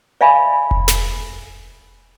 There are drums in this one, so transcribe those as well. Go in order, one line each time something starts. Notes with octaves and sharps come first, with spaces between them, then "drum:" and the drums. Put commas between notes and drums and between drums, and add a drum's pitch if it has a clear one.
D5 E5 F5 G#5 B5
drum: kick F1
drum: snare